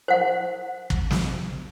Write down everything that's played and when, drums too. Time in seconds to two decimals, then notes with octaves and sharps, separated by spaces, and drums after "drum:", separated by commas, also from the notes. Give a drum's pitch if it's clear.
0.08 C5 F#5
0.90 drum: kick
1.11 drum: snare